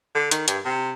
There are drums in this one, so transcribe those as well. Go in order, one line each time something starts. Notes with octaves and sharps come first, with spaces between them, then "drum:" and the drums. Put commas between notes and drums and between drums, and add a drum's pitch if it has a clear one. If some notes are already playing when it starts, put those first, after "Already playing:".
D3
D#3, drum: hi-hat
G2, drum: hi-hat
C3